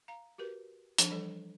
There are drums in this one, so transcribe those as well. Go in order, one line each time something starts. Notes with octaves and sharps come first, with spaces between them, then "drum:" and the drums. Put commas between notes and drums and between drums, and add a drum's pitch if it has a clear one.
F5 A#5
F#4 G4 A#4 B4
F3 D4, drum: hi-hat
E3 G3 A4 C#5